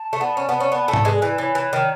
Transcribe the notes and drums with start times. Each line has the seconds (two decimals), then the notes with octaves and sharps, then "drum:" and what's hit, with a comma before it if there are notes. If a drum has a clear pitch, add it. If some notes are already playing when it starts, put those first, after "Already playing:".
Already playing: A5
0.13 A3
0.21 B3
0.37 C#4
0.49 B3
0.60 C#4
0.71 B3 A5
0.82 G#5
0.88 A3
0.93 E5, drum: tom G#2
1.05 G#3 B4
1.16 A4
1.22 E3
1.28 B4
1.38 E3 C#5
1.55 E3
1.73 D#3